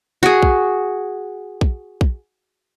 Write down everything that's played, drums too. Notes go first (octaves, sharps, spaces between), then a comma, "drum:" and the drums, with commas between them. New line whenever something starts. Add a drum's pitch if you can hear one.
F#4 G#4
drum: kick A#1
drum: kick A#1
drum: kick A#1